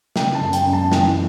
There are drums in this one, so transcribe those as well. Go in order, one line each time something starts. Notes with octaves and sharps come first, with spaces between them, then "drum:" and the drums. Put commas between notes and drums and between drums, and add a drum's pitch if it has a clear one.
C#3 G5, drum: snare
A5
F#2
G5, drum: hi-hat
F#2
A5
E3 G5, drum: snare